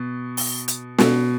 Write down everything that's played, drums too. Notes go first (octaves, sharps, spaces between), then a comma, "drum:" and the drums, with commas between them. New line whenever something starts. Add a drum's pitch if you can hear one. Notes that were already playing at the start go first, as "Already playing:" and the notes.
Already playing: B2
drum: open hi-hat
drum: hi-hat
B2, drum: snare